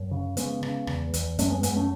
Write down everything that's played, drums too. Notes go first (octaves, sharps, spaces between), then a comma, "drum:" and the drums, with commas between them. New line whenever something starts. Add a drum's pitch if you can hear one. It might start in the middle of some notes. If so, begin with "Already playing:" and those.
Already playing: F#2
C#3
C#3 G#3 B3, drum: hi-hat
C#3, drum: rim click
E2, drum: rim click
E2, drum: hi-hat
F#2 A3 C#4, drum: hi-hat
G#3 B3
F#2 G#3 B3, drum: hi-hat
A3 C#4